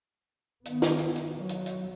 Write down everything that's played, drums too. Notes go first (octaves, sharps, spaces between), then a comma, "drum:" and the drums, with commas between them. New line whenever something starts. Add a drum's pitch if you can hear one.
D#3 B3, drum: hi-hat
drum: snare
drum: hi-hat
drum: hi-hat
F#3
drum: hi-hat
drum: hi-hat